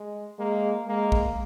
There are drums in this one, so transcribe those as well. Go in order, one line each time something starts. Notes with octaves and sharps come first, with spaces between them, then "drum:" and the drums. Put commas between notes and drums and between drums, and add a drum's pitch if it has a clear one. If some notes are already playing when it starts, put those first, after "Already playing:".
Already playing: G#3
G#3 A#3
G#3 A#3
drum: kick A#1